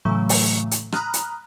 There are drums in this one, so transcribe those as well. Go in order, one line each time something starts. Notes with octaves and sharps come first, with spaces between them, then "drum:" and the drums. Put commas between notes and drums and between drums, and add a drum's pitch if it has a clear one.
A2 C#3 E3 F#3 A3
drum: open hi-hat
drum: hi-hat
A#5 B5 D#6 F6 F#6, drum: rim click
drum: hi-hat